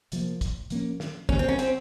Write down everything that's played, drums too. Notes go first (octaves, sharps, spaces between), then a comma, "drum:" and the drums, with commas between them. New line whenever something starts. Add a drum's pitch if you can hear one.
C3 F3 A#3, drum: hi-hat
drum: kick, hi-hat
F3 A#3 C#4, drum: hi-hat
drum: snare
C#3 E3 G3 A#3 C#4, drum: kick
C4
C#4
C4, drum: hi-hat